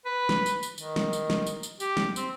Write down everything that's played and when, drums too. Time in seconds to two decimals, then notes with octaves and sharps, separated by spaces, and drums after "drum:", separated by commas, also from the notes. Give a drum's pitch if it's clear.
0.05 B4
0.29 drum: snare
0.46 drum: tambourine
0.63 drum: tambourine
0.78 D#3, drum: tambourine
0.96 drum: snare
1.13 drum: tambourine
1.30 drum: snare
1.47 drum: tambourine
1.63 drum: tambourine
1.80 G4, drum: tambourine
1.97 drum: snare
2.16 C4, drum: tambourine